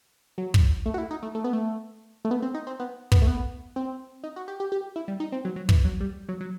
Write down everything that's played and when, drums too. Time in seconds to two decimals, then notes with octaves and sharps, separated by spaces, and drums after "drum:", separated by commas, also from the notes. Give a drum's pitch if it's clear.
0.38 F#3
0.54 drum: kick
0.86 A3
0.94 F#4
0.98 E4
1.11 D#4
1.23 A3
1.35 A3
1.44 B3
1.53 A3
2.25 A3
2.31 B3
2.42 C4
2.54 D#4
2.67 C4
2.80 B3
3.12 B3, drum: kick
3.22 A3
3.27 B3
3.76 C4
4.24 D#4
4.36 F#4
4.48 G4
4.60 G4
4.72 G4
4.96 E4
5.08 G3
5.20 D#4
5.32 C4
5.45 F#3
5.56 F#3
5.69 E3, drum: kick
5.85 F#3
6.00 G3
6.29 F#3
6.41 F#3